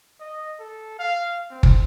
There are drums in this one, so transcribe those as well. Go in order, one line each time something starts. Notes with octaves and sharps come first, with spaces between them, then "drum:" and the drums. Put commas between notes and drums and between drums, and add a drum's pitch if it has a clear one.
D#5
A4
F5
C4
drum: kick